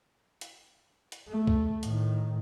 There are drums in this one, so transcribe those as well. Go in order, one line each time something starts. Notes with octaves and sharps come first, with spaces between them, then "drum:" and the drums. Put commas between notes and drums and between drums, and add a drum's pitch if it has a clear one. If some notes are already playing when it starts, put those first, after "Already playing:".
drum: hi-hat
drum: hi-hat
A3
drum: kick C2
A2 D#3, drum: hi-hat